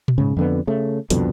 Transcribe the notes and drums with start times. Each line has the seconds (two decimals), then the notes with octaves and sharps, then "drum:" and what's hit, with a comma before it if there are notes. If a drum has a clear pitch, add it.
0.08 drum: tom A#2
0.18 G#2 C#3
0.37 F2 D3 B3
0.67 C#3 A3
1.10 C2 F2 B2 D3, drum: hi-hat